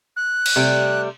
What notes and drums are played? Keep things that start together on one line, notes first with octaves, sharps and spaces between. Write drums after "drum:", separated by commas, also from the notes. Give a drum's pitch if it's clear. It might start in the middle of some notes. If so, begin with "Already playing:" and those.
F#6
drum: cymbal
C3 G3 A3